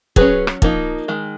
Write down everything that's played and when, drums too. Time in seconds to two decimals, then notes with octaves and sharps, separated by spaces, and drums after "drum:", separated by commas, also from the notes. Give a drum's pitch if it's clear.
0.16 F#3 C#4 G#4 B4, drum: kick
0.47 drum: rim click
0.62 F3 A#3 D#4, drum: kick
1.08 D#3 G#3